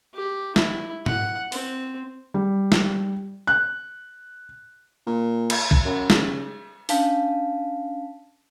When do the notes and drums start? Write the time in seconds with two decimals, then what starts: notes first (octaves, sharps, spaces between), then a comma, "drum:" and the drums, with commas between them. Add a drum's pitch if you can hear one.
0.14 G4
0.56 E4, drum: snare
1.06 F#5, drum: tom G#2
1.52 C4, drum: open hi-hat
2.34 G3
2.72 drum: snare
3.47 F#6
5.07 A#2
5.50 drum: cymbal
5.71 drum: kick A#1
5.85 F#2
6.10 C#3, drum: snare
6.89 C#4 D4 F5 A5 B6, drum: open hi-hat